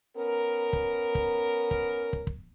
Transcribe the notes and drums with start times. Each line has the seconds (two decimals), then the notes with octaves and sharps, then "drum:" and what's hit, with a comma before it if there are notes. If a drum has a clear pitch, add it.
0.17 B3 C#4 A#4
0.73 drum: kick
1.15 drum: kick
1.71 drum: kick
2.13 drum: kick
2.27 drum: kick